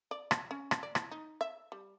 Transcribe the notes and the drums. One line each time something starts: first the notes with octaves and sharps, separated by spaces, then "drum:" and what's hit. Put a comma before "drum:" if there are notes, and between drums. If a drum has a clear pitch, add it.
D5
drum: rim click
C#4
drum: rim click
D5
E4, drum: rim click
D#4
E5
G3